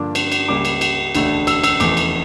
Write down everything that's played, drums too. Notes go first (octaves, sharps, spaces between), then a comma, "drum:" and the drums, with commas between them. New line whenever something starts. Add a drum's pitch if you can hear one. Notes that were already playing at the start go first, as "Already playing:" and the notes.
Already playing: G2 D3 F3 A#3 D4 D6
drum: cymbal
drum: cymbal
C#2 C#3 G3 A#3 D6
drum: cymbal
drum: cymbal
E1 D2 D3 A3 D4, drum: cymbal
E6, drum: cymbal
E6, drum: cymbal
F1 E2 E3 A3 D6, drum: cymbal
drum: cymbal